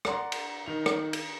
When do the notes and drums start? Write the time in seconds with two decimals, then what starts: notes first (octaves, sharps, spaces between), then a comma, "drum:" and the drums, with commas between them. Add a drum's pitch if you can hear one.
0.05 D5 F#5 A#5 C6, drum: rim click
0.32 drum: cymbal
0.66 D#3 F7
0.86 drum: rim click
1.13 drum: cymbal